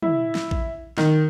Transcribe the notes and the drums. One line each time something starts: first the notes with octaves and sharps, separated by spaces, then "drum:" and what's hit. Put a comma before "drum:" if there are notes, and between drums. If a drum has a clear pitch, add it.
E4, drum: tom
drum: snare
drum: kick A#1
D#3, drum: snare